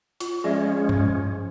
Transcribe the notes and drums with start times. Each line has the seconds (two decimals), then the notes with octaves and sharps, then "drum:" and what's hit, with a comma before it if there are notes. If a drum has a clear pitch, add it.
0.20 F4, drum: hi-hat
0.44 F3 G#3 C#4 G#4 D5 E5
0.89 drum: tom G2